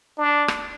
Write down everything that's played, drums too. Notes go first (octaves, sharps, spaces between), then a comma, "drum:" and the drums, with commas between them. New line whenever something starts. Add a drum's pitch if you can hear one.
D4
drum: rim click